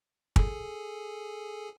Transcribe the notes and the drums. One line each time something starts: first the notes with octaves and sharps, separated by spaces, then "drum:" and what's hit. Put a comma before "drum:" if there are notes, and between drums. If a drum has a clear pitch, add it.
G#4 A4 G#5, drum: kick